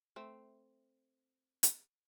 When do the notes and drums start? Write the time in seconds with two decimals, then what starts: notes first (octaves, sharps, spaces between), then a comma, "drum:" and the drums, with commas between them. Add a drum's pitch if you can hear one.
0.16 A3 C4
1.63 drum: hi-hat